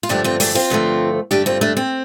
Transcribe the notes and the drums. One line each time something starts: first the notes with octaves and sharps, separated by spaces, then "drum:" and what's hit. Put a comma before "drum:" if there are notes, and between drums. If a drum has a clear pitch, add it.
F4
G2 D3 F3 A3 D4 G4
C4 F4
A3 D4, drum: open hi-hat
C4 F4
G2 D3 F3 A3
G2 D3 A3 D4 G4
C4 F4
A3 D4
C4